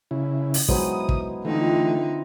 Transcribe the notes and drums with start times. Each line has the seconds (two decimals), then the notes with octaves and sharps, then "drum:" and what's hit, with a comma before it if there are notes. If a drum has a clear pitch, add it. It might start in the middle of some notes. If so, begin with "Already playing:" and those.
0.11 C#3 E4
0.54 drum: open hi-hat
0.68 F#3 G#3 B3 D#4 E4 C5 D#6, drum: kick
1.09 drum: kick
1.45 D3 E3 F3 A3 C4 D#4 E4